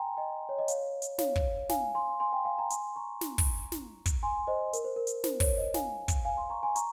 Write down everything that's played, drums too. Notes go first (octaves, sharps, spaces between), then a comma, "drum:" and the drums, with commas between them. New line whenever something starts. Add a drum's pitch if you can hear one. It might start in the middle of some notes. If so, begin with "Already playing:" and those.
Already playing: G5 G#5 A#5 C6
D#5 G5
C#5
D#5
C#5 F5, drum: hi-hat
drum: hi-hat
C#5 F5, drum: snare
drum: kick
F5 G#5, drum: snare
G#5 C6
G#5 C6
G5 A#5
F5 G#5
G5 A#5
G#5 C6, drum: hi-hat
A#5 C#6
drum: snare
drum: kick, open hi-hat
drum: snare
drum: kick, hi-hat
G#5 C6
C5 D#5
A#4, drum: hi-hat
C5
A#4
drum: hi-hat
C5, drum: snare
C#5, drum: kick, open hi-hat
C5 D#5
F5 G#5, drum: snare
drum: kick, hi-hat
F5 G#5
G#5 C6
A#5 C#6
G#5 C6
A#5 C#6, drum: hi-hat